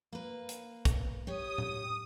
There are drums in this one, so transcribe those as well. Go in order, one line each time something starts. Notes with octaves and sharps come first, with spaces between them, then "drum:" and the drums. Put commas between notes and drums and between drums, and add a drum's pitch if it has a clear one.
A#3 B4
drum: hi-hat
drum: kick, hi-hat
G4 C#5 D#6
drum: tom A2